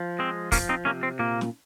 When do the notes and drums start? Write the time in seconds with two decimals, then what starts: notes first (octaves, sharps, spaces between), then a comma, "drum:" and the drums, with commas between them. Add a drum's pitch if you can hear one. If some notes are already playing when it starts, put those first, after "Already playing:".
Already playing: F3
0.19 G#3 C4
0.52 F3 A#3 C#4, drum: kick, open hi-hat
0.69 C4 D#4
0.85 C3 A#3 C#4
1.03 C4
1.19 A#2 A#3
1.41 drum: snare